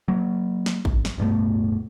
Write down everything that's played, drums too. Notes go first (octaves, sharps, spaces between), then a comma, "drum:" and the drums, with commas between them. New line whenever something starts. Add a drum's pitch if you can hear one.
F#3 A#3
drum: snare
G#1, drum: kick
drum: snare
D1 G2 B2 A3